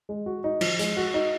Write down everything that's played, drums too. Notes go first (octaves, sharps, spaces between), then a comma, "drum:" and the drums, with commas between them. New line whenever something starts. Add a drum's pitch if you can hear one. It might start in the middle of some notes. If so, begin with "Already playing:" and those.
G#3
F#4
D#4
F3, drum: cymbal
G#3, drum: hi-hat
F#4
D#4